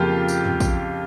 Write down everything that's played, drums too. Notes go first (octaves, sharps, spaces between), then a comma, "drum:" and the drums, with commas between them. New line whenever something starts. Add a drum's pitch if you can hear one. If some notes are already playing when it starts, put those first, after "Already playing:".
Already playing: F2 C#3 F3 A#3 F4 G4
drum: tambourine
drum: tom
drum: kick, tambourine